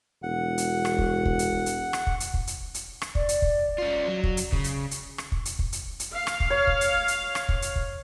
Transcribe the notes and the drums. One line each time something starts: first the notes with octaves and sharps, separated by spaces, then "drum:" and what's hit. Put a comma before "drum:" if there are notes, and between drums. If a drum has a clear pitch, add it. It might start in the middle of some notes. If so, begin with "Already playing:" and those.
E1 F#5
drum: hi-hat
drum: rim click
drum: kick
drum: kick
drum: hi-hat
drum: hi-hat
drum: rim click
drum: kick
drum: hi-hat
drum: kick
drum: hi-hat
drum: hi-hat
drum: rim click
D5, drum: kick
drum: hi-hat
drum: kick
C#4 F4
F#3
drum: kick
drum: hi-hat
C#3, drum: kick
drum: hi-hat
drum: hi-hat
drum: rim click
drum: kick
drum: hi-hat
drum: kick
drum: hi-hat
drum: hi-hat
F5
drum: rim click
drum: kick
C#5
drum: kick
drum: hi-hat
drum: hi-hat
drum: rim click
drum: kick
drum: hi-hat
drum: kick